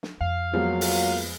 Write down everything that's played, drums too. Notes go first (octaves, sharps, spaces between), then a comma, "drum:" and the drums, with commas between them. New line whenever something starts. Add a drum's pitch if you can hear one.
drum: snare
F2 F5
F3 F#3 G#3 A#3 B3 F4
drum: open hi-hat